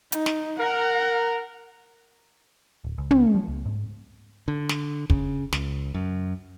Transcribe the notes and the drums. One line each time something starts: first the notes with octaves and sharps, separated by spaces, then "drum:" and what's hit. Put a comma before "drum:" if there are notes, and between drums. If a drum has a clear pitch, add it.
D#4, drum: hi-hat
drum: snare
A#4 F#5
D1
C#2
drum: tom
F3
C#2
G#2
D3
drum: snare
C#3, drum: kick
C#2, drum: snare
F#2